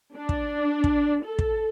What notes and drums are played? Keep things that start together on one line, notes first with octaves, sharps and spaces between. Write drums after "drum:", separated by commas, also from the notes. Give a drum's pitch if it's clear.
D4
drum: kick
drum: kick
A4
drum: kick